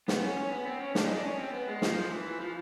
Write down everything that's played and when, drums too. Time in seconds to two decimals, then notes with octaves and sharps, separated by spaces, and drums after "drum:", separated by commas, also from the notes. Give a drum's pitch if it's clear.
0.08 B3, drum: snare
0.23 C#4
0.38 C#4
0.51 B3
0.66 C4
0.80 C#4
0.95 D4, drum: snare
1.05 D#4
1.14 D4
1.25 C#4
1.39 C4
1.53 B3
1.68 G#3
1.82 F3, drum: snare
2.11 E3
2.40 F3